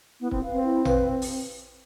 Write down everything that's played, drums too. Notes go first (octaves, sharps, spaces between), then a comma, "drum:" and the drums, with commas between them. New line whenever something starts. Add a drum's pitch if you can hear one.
B3 E4
C4, drum: kick
B4 F5
C4
E4
B4 F5, drum: tom A1
drum: open hi-hat